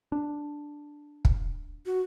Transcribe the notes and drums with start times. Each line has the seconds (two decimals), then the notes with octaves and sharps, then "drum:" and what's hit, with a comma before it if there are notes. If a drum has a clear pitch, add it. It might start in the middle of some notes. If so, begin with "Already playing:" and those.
0.12 D4
1.25 drum: kick
1.86 F#4